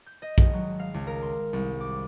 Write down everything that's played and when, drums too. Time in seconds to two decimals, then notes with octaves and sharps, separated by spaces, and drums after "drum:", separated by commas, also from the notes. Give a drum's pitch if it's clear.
0.07 G6
0.22 D#5
0.38 G#1, drum: kick A#1
0.53 F#3
0.80 F5
0.94 C#2
1.07 A#4
1.23 C6
1.53 C2
1.81 D6